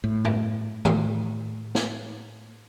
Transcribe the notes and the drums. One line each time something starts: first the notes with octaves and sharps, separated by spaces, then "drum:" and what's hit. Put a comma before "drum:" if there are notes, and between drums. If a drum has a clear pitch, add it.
A2
drum: tom
A2, drum: tom D#3
drum: snare